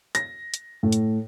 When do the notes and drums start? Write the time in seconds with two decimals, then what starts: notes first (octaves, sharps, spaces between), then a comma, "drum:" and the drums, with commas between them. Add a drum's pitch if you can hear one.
0.15 A#6, drum: hi-hat
0.54 drum: hi-hat
0.83 A2
0.92 drum: hi-hat